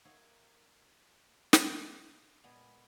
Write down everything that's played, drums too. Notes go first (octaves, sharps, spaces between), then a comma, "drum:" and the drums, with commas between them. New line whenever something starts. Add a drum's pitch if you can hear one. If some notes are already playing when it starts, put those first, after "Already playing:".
A#3 D#4 C#5 E5 F#5
drum: snare
A#2 G#3 B3 D5